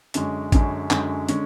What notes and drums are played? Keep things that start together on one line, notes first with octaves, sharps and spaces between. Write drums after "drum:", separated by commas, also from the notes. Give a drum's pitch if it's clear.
F#2 D3 G#3 C#4, drum: hi-hat
F#2 D3 G#3 C#4, drum: kick A1, hi-hat
F#2 D3 G#3 C#4, drum: clap
D3 G#3 C#4, drum: hi-hat